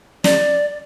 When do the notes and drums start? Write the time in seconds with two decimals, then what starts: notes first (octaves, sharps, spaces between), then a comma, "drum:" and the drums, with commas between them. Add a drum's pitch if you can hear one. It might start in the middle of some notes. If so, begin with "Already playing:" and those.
0.24 D5, drum: snare